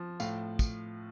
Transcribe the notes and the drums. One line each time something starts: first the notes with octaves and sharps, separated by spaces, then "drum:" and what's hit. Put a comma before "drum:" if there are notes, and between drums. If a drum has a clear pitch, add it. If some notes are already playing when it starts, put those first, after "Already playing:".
Already playing: F3
A2 F5, drum: tambourine
drum: kick, tambourine